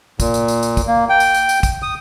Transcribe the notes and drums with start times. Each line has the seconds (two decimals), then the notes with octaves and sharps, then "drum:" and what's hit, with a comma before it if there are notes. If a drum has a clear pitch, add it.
0.20 A#2, drum: kick, tambourine
0.34 drum: tambourine
0.48 drum: tambourine
0.63 drum: tambourine
0.77 drum: kick, tambourine
0.87 A#3
1.09 G5
1.20 drum: tambourine
1.35 drum: tambourine
1.49 drum: tambourine
1.63 drum: kick, tambourine
1.82 D#6